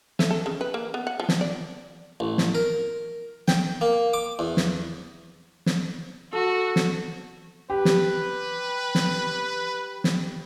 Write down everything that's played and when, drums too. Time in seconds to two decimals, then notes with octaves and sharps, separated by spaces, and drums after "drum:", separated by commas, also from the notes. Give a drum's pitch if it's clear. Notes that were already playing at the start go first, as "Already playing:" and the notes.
0.19 A3, drum: snare
0.31 A4
0.46 C#3
0.61 B4
0.74 A#3
0.94 B3
1.07 F#5
1.20 F3
1.29 drum: snare
1.41 D5
2.20 A1
2.38 drum: snare
2.55 A#4
3.48 G5, drum: snare
3.81 A#3
4.13 D6
4.39 E2
4.57 drum: snare
5.66 drum: snare
6.33 F#4 A4
6.76 drum: snare
7.70 G4 B4
7.85 drum: snare
8.95 drum: snare
10.04 drum: snare